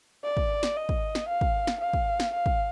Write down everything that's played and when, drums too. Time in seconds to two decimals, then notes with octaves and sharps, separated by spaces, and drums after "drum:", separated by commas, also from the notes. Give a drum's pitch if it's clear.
0.24 D5
0.37 drum: kick
0.63 drum: snare
0.76 D#5
0.89 drum: kick
1.15 drum: snare
1.28 F5
1.41 drum: kick
1.67 drum: snare
1.80 F5
1.93 drum: kick
2.20 drum: snare
2.33 F5
2.46 drum: kick